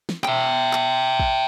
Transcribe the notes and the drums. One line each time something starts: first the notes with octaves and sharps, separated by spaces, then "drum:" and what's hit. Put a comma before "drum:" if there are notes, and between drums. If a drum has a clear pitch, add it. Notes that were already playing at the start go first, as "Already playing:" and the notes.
drum: snare
E5 G5, drum: clap
drum: clap
drum: kick